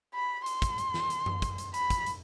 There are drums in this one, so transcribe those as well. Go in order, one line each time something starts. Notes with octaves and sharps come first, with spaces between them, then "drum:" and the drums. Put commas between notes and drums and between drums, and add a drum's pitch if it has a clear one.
B5
C6, drum: hi-hat
drum: kick, hi-hat
drum: hi-hat
drum: snare
drum: hi-hat
drum: tom F#2
drum: kick, hi-hat
drum: hi-hat
B5, drum: hi-hat
drum: kick, hi-hat
drum: hi-hat